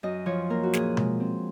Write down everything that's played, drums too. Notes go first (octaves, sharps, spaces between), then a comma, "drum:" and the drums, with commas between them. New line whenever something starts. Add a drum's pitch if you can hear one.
F#2 D#5
F3 C#5
A#3 A#4
F#4
A#2 G#4, drum: snare
G#3, drum: tom B2
C4